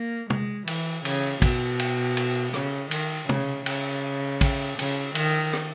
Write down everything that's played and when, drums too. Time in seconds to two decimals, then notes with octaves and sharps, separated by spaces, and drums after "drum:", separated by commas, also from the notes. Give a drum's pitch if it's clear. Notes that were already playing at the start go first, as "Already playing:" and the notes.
Already playing: A#3
0.30 G#3, drum: tom
0.67 E3, drum: cymbal
1.05 C#3, drum: cymbal
1.42 B2, drum: kick, cymbal
1.79 drum: cymbal
2.17 drum: cymbal
2.54 C#3, drum: rim click
2.91 D#3, drum: cymbal
3.29 C#3, drum: tom
3.66 C#3, drum: cymbal
4.41 drum: kick, cymbal
4.79 C#3, drum: cymbal
5.15 D#3, drum: cymbal
5.53 drum: rim click